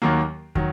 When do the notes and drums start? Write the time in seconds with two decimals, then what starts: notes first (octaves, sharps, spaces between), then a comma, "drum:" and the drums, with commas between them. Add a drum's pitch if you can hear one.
0.02 D#2 D#3 F#3 A#3
0.55 D#3 F#3, drum: kick